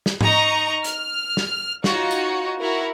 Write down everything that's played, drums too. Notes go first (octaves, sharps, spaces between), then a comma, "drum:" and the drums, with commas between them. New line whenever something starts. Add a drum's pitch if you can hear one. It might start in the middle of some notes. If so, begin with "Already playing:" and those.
drum: snare
D#4 D#5 A#5 C#6, drum: tom G#2
F6, drum: hi-hat
drum: snare
D#4 F4 F#4 C#5, drum: snare
drum: tambourine
E4 F#4 A#4